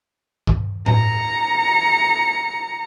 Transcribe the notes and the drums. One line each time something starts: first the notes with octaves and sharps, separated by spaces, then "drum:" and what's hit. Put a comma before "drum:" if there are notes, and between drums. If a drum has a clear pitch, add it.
drum: kick
A#5 C#7, drum: tom A2